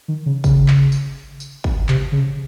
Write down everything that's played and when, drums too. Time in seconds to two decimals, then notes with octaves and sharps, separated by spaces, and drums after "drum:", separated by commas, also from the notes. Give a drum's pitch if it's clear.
0.08 D#3
0.26 C#3
0.44 C#3, drum: kick, tambourine
0.68 drum: clap
0.92 drum: tambourine
1.40 drum: tambourine
1.64 drum: kick
1.88 C3, drum: clap
2.12 C#3